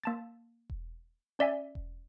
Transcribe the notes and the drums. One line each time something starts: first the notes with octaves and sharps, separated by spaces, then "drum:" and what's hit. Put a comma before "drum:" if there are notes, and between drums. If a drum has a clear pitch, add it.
A#3 A5 A6
drum: kick E1
C#4 D5 E5 G#5
drum: kick E1